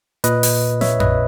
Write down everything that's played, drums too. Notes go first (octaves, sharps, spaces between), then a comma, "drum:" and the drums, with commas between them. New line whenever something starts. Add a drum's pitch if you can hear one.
A#2 B4 D#5, drum: hi-hat
drum: open hi-hat
C#5 E5, drum: snare
B4 D#5, drum: tom F2